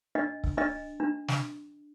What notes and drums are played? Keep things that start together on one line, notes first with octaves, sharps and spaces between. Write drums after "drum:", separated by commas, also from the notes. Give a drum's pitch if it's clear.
D4 D#5
drum: kick
D4 D#5
D4
drum: snare